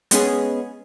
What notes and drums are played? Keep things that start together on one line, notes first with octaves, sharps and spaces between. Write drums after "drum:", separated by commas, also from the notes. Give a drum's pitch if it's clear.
G#3 B3 C#4 G#4, drum: hi-hat